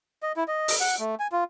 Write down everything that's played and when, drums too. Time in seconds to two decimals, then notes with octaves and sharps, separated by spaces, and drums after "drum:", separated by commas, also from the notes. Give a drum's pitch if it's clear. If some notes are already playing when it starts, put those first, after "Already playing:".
0.23 D#5
0.36 E4
0.48 D#5
0.68 drum: open hi-hat
0.80 F#5
1.00 A3
1.19 G#5
1.32 F4